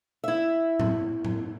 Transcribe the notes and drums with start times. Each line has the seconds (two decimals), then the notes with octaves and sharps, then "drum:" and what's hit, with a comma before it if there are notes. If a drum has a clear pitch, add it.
0.24 E4 E5
0.80 drum: tom A2
1.25 drum: tom A2